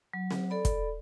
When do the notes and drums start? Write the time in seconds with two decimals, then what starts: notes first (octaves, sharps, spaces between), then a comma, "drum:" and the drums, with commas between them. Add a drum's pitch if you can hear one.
0.13 F#3
0.31 drum: snare C4
0.50 A4 D5 B5
0.65 drum: kick, hi-hat